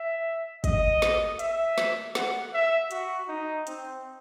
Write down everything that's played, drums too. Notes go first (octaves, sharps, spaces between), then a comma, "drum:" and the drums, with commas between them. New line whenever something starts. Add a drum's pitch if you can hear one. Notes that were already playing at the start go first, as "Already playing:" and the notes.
Already playing: E5
D#5, drum: kick, hi-hat
drum: snare
E5, drum: hi-hat
drum: snare
F#5, drum: snare
E5
F#4, drum: hi-hat
D#4
C4, drum: hi-hat